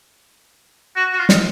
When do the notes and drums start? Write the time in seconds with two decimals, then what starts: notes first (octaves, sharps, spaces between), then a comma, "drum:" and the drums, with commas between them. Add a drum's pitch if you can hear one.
0.96 F#4
1.13 F#4
1.19 F4
1.29 drum: snare